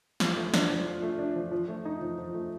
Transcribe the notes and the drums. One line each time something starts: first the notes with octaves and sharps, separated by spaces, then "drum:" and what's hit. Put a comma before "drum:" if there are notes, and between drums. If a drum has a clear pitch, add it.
F4, drum: snare
A3
D4, drum: snare
F3
F4
A3
D4
F3
F3
A3
D#4
F3
F3
A3